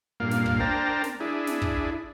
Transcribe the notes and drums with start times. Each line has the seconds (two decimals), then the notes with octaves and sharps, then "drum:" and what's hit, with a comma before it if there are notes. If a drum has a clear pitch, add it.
0.20 G2 A#2 A#3 F5
0.31 drum: snare
0.46 drum: kick
0.60 D4 A#4 C5 G5 A5 A#5
1.04 drum: snare
1.20 D4 E4 G#4
1.47 drum: snare
1.62 drum: kick